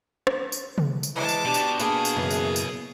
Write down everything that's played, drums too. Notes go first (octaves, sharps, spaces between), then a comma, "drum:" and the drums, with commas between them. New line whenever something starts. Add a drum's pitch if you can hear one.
drum: rim click
drum: tambourine
drum: tom
drum: tambourine
E3 G#3 A5 D6
drum: tambourine
B2 D4 G4
drum: tambourine
A#3 D4 G#4, drum: tambourine
drum: tambourine
F#2 C#3 E3
drum: tambourine
drum: tambourine